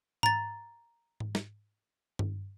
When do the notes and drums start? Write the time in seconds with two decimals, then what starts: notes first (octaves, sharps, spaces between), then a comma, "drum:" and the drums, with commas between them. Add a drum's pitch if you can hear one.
0.23 A#5 A6, drum: tom G#2
1.20 drum: tom G#2
1.35 drum: snare
2.19 drum: tom G2